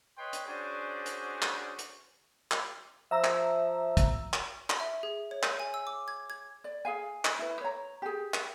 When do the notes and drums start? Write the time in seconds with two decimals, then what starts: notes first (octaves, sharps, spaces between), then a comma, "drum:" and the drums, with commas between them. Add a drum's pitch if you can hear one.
0.17 B4 C#5 D#5 G5 C6
0.33 drum: hi-hat
0.47 C#4 D4 F#4 G#4 C5 D5
1.06 drum: hi-hat
1.42 drum: clap
1.79 drum: hi-hat
2.51 drum: clap
3.11 F3 E5 A#5 E6
3.24 drum: clap
3.97 drum: kick, hi-hat
4.33 drum: clap
4.70 drum: clap
4.80 E5
5.03 G#4
5.31 C#5
5.43 D#7, drum: clap
5.60 G#5
5.74 E6
5.87 D6
6.08 G#6
6.30 G#6
6.64 D5
6.85 G#4 F5 G#5
7.25 drum: clap
7.39 E4 B4
7.61 C#5 A#5
8.02 G4 G#4
8.34 drum: clap